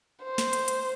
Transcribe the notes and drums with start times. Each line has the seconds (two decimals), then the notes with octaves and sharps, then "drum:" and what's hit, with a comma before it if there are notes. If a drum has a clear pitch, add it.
0.24 C5
0.38 drum: snare
0.53 drum: hi-hat
0.68 drum: hi-hat